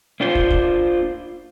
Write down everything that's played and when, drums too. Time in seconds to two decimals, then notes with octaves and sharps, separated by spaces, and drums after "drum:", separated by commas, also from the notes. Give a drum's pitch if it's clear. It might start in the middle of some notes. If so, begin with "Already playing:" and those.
0.20 A#3 D4 F4 C5
0.35 drum: kick
0.50 drum: kick